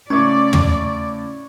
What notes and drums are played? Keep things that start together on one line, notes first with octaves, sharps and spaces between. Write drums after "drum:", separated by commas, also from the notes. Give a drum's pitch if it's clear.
A2 C#3 C#4 E4 C#5 D5 D6
drum: tom